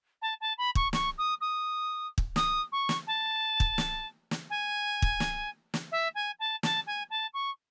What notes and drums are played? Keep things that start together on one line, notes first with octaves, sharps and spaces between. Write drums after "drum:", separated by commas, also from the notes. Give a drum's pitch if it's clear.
A5
A5
B5
C#6, drum: kick
C#6, drum: snare
D#6
D#6
drum: kick
D#6, drum: snare
C#6
drum: snare
A5
drum: kick
drum: snare
drum: snare
G#5
drum: kick
drum: snare
drum: snare
E5
G#5
A5
A5, drum: snare
G#5
A5
C#6